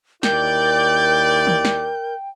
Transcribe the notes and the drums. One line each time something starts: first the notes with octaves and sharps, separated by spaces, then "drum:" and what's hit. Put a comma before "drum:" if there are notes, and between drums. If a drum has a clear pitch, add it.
D#2 E4 A#4 D5 G5 G6, drum: snare
drum: tom D#3
drum: snare